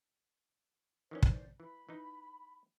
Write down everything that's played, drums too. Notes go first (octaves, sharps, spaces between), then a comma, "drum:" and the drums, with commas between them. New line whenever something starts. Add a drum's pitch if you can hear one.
D#3 E3 C#4 C5 D5
drum: kick
E3 B5
E3 D#4